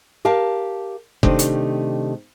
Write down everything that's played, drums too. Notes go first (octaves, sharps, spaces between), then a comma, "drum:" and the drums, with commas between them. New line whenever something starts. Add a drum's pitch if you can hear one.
G4 A#4 F5 A5
C3 D#3 A3 D4 G4, drum: kick F#1
drum: hi-hat